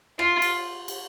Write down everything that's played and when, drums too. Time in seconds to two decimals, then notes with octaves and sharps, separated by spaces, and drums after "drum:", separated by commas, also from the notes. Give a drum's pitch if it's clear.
0.19 F4, drum: rim click
0.42 drum: cymbal
0.88 drum: cymbal